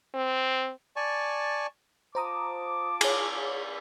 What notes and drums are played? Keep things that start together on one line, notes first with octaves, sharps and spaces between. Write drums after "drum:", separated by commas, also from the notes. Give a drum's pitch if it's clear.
C4
D5 G#5 A5 C#6
F4 C5 A5 A#5 D6 D#6
G#4 C#5, drum: cymbal